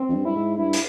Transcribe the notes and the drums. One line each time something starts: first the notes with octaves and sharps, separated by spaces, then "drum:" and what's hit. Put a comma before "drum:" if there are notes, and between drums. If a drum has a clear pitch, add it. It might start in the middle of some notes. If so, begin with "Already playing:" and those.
Already playing: C4
F2
G2
G2 E4
G#2
G2 E4
drum: hi-hat